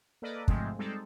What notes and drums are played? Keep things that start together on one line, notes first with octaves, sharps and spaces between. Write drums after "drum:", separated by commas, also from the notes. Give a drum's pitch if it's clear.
A#3 A4 B4 D5 D#5
G#2 C3 F3 G#3 A3 C4, drum: kick
G3 G#3 C4 D#4 A4